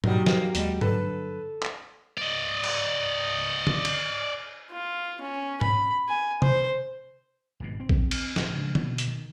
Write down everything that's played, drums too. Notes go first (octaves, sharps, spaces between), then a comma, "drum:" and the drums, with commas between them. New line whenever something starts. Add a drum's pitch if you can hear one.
B2 D#3 F#3 G3 G4, drum: tom G#2
G2 D#3 A#3, drum: snare
D#2 G3 G#3, drum: hi-hat
G2 D3 F#3 A4 B4, drum: tom G#2
drum: clap
D5 D#5
drum: cymbal
drum: tom
drum: cymbal
F4
C#4
B5, drum: tom G#2
G#5
C5, drum: tom C3
G#1 G#2 B2
C4
drum: kick A#1
drum: cymbal
D1, drum: snare
C#3 F3 G#3 D4
B2, drum: tom D3
drum: hi-hat
D#3